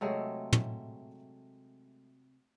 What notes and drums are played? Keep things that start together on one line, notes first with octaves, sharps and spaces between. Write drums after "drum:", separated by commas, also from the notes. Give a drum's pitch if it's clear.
C3 F#3 G#3 A3
drum: tom